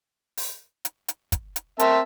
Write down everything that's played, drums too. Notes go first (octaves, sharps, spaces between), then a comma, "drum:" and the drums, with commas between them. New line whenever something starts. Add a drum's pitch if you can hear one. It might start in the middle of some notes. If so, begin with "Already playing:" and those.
drum: open hi-hat
drum: hi-hat
drum: hi-hat
drum: kick, hi-hat
drum: hi-hat
C4 A#4 E5 A5, drum: hi-hat